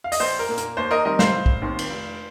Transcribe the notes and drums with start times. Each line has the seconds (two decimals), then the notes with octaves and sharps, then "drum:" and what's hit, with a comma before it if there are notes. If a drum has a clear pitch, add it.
0.04 F5
0.12 D#5, drum: open hi-hat
0.20 A#1 C5
0.39 A#4
0.48 A#2 A#3
0.58 A#4, drum: hi-hat
0.77 D#2 C5
0.91 A#4 D#5
1.05 D#3 G3 C4 A#4 D#5
1.19 C5 F5, drum: snare
1.33 F1
1.46 drum: kick B1
1.62 D#2 D#3 C4
1.79 drum: cymbal
1.90 F1